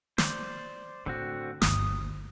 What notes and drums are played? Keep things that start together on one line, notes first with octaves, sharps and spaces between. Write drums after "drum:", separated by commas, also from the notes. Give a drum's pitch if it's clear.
C5 D5, drum: snare
A2 D3 C4 F#4
G1 D2 D#6, drum: snare